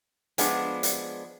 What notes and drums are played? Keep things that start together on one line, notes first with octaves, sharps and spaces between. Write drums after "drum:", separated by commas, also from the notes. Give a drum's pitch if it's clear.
F3 G#3 B3 D4, drum: hi-hat
drum: hi-hat